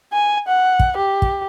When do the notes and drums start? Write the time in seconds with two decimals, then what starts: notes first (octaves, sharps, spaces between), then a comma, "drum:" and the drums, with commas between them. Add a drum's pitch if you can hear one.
0.13 G#5
0.49 F#5
0.80 drum: kick
0.97 G4
1.22 drum: kick